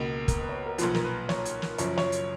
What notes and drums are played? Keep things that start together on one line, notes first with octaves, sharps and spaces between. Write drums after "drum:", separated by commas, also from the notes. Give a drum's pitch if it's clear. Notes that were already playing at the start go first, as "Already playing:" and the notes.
Already playing: C#2 B2 A#3 B3
A#4, drum: kick, hi-hat
B4
C#5
B4
A#4
B1 A#2 F3 B4, drum: hi-hat
A#4, drum: snare
B4
C#5, drum: snare
drum: hi-hat
drum: snare
F#1 F#2 F3 C#5, drum: hi-hat
C#5, drum: snare
drum: hi-hat